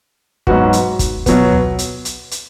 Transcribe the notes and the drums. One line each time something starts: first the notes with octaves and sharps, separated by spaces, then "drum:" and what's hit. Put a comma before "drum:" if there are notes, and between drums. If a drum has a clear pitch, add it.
G#2 F#3 B3 F#4 B4, drum: kick
drum: hi-hat
drum: kick, hi-hat
B2 F#3 B3, drum: kick, hi-hat
drum: tom
drum: hi-hat
drum: hi-hat
drum: hi-hat